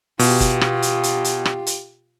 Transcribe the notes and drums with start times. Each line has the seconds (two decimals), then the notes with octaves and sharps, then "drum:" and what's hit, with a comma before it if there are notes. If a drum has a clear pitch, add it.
0.19 B2 F4 G4, drum: open hi-hat
0.40 drum: kick F#1, hi-hat
0.61 drum: rim click
0.82 drum: hi-hat
1.03 drum: hi-hat
1.24 drum: hi-hat
1.45 drum: rim click
1.67 drum: hi-hat